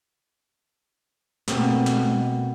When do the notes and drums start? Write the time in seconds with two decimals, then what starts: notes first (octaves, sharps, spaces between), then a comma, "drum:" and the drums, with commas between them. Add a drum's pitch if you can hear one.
1.48 B2 A3 A#3 C4, drum: snare
1.86 drum: snare
2.05 drum: tom G3